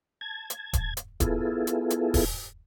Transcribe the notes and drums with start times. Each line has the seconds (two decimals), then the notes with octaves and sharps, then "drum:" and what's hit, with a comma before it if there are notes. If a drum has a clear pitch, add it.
0.21 A5 G#6
0.50 drum: hi-hat
0.73 drum: kick D#1, hi-hat
0.97 drum: hi-hat
1.20 B3 E4 F4 G#4 A4, drum: kick D#1, hi-hat
1.67 drum: hi-hat
1.90 drum: hi-hat
2.14 drum: kick D#1, open hi-hat